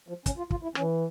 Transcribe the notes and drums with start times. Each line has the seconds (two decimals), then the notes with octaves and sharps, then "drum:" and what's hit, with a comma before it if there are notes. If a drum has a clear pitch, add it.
0.08 F3
0.26 C#4, drum: kick, hi-hat
0.38 F4
0.50 F4, drum: kick
0.63 E4
0.75 E3 C#4, drum: rim click